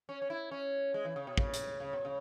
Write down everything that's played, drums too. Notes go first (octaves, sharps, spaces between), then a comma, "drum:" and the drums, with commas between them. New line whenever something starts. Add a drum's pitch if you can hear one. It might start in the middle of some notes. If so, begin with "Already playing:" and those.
C#4
C#4
E4
C#4
G#3
E3
C#3
B2
C#3, drum: kick
drum: hi-hat
C#3
B2
C#3